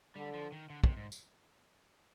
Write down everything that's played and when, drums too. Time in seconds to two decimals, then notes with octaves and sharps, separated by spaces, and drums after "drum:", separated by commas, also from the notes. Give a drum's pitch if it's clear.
0.16 D3 G3
0.34 F3
0.52 D#3
0.70 D3
0.84 C3, drum: kick
0.97 G#2
1.12 drum: tambourine